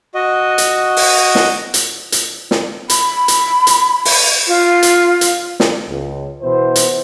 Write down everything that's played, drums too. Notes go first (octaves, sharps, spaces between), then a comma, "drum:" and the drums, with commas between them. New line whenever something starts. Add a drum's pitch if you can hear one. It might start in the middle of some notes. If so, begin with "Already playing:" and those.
F#4 D#5
drum: hi-hat
drum: open hi-hat
drum: snare
drum: hi-hat
drum: hi-hat
drum: snare
B5, drum: hi-hat
drum: hi-hat
drum: hi-hat
drum: open hi-hat
F4
drum: hi-hat
drum: hi-hat
drum: snare
C#2
B2 E3 B3 E4 C5
drum: hi-hat